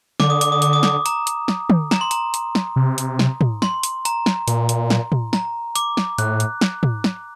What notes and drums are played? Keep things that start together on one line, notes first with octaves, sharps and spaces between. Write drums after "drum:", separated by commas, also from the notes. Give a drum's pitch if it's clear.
D3 D6, drum: snare
D#6
D6, drum: hi-hat
D#6
D6, drum: hi-hat
D#6
D6, drum: snare
A#5, drum: hi-hat
drum: hi-hat
drum: snare
drum: tom
A#5, drum: snare
C6
A#5, drum: hi-hat
drum: hi-hat
drum: snare
C3
drum: hi-hat
drum: snare
drum: tom
C6, drum: snare
drum: hi-hat
A#5, drum: hi-hat
drum: snare
A#2, drum: hi-hat
drum: hi-hat
drum: snare
drum: tom A2
A#5, drum: snare
D6, drum: hi-hat
drum: snare
A2 F#6, drum: hi-hat
drum: hi-hat
drum: snare
drum: tom
drum: snare